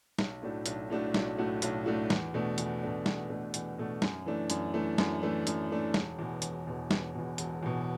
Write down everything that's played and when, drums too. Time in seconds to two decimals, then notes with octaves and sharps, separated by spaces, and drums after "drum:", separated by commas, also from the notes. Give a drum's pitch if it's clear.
0.19 B1, drum: snare
0.42 A2 A3 D4 F#4
0.66 B1, drum: hi-hat
0.90 A2 A3 D4 F#4
1.14 B1, drum: snare
1.38 A2 A3 D4 F#4
1.62 B1, drum: hi-hat
1.86 A2 A3 D4 F#4
2.10 E2, drum: snare
2.34 B2 A3 D4
2.58 E2, drum: hi-hat
2.82 B2 A3 D4
3.06 E2, drum: snare
3.30 B2 A3 D4
3.54 E2, drum: hi-hat
3.78 B2 A3 D4
4.02 F#2, drum: snare
4.26 E3 A3 D4
4.50 F#2, drum: hi-hat
4.74 E3 A3 D4
4.98 F#2, drum: snare
5.22 E3 A3 D4
5.47 F#2, drum: hi-hat
5.70 E3 A3 D4
5.94 E1, drum: snare
6.19 E2 B2
6.42 E1, drum: hi-hat
6.67 E2 B2
6.91 E1, drum: snare
7.14 E2 B2
7.38 E1, drum: hi-hat
7.63 E2 B2